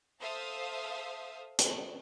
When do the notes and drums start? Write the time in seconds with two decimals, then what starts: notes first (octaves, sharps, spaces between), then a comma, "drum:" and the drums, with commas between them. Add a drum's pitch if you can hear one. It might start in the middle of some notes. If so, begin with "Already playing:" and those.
0.20 A4 C5 E5 F5 D#6
1.59 drum: hi-hat